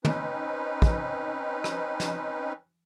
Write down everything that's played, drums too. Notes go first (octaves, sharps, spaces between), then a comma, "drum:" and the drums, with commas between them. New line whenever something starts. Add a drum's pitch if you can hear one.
C4 C#4 D#4 B4, drum: tom
drum: kick
drum: rim click
drum: snare